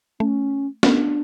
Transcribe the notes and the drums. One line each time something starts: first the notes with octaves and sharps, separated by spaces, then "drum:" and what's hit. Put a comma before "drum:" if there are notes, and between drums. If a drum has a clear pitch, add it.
A3 C#4
C#4, drum: snare
B3 D4